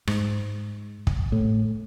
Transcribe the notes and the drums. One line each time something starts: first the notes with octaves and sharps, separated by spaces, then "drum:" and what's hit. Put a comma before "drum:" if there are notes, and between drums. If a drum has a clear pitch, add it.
G#2, drum: rim click
drum: kick
A2